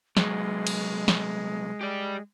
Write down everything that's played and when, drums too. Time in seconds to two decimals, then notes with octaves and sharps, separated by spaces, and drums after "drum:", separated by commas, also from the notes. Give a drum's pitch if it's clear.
0.17 C2 F#3 G#3, drum: snare
0.67 drum: cymbal
1.08 drum: snare
1.81 G4 D5